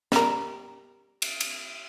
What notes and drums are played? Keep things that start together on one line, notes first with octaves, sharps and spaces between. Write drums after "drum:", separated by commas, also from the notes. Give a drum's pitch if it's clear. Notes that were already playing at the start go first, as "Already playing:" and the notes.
G3 A#4, drum: snare
drum: cymbal
drum: cymbal